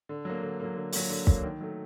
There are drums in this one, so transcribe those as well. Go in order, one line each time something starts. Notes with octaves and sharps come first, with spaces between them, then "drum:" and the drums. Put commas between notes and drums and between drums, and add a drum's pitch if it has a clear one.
D3
F#3 A#3
D3
F#3 A#3
D3
F#3 A#3, drum: open hi-hat
D3
F#3 A#3, drum: kick
D#3
F#3 A3